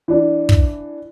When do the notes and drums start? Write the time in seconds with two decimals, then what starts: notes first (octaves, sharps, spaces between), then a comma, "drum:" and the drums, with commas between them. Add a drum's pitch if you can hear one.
0.08 E3 D4
0.49 drum: kick